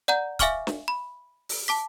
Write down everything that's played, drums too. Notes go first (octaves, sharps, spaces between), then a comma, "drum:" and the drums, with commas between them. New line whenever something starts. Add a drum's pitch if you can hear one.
D5 F#5 A#5 G6
E5 F5 G#5 C#6 D6 F6, drum: kick, hi-hat
drum: snare
B5
drum: open hi-hat
A5 D6 B6